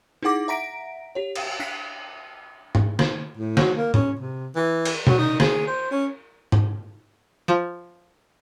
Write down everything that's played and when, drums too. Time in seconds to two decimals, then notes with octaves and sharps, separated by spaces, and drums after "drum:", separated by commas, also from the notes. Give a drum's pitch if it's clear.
0.23 D#4 E4 G#4 F#5 D6 A#6
0.48 E5 F#5 A#5 A#6 B6 D7
1.15 G4 C#5
1.35 drum: cymbal
1.60 D4 F#6 B6
2.75 drum: tom G#2
2.99 drum: snare
3.37 A2
3.57 F#3, drum: snare
3.76 A#3
3.94 C#4, drum: tom
4.20 C3
4.55 E3
4.85 drum: cymbal
5.07 F#3, drum: tom
5.18 D#4
5.40 G#4, drum: snare
5.67 C5
5.91 C#4
6.52 drum: tom G#2
7.48 F3